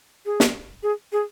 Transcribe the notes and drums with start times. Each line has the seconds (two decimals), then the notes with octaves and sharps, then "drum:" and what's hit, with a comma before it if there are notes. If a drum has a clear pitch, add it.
0.26 G#4
0.40 drum: snare
0.83 G#4
1.12 G#4